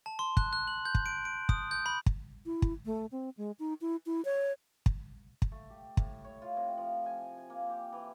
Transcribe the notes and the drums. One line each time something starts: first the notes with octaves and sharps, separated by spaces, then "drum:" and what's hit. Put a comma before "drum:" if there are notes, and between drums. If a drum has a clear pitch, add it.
A5
C6
F#6, drum: kick
F#6
F#7
G6
drum: kick
D7
D7
D#6, drum: kick
G6
B5
drum: kick
E4
drum: kick
A3
C4
G#3
D#4
E4
E4
C#5
drum: kick
drum: kick
A3
G4
A2, drum: kick
C#5
F4
C3
F3
G#5
G#5
A#3
G4
E3